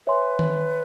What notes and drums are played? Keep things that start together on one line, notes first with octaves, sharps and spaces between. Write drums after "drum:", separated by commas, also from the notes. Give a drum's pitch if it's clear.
B4 C#5 E5 G#5 C6
drum: tom D#3